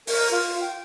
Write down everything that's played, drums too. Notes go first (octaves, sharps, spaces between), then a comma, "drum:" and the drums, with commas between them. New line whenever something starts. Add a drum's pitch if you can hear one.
A#4, drum: open hi-hat
F4
G5